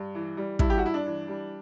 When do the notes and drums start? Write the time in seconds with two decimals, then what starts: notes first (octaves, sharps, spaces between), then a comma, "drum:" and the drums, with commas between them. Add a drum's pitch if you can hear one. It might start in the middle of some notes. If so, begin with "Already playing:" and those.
Already playing: G2
0.15 E3
0.37 G3
0.59 G2 E4, drum: kick
0.70 G4
0.78 F#4
0.83 G2 E4
0.94 D4
1.06 E3
1.28 G3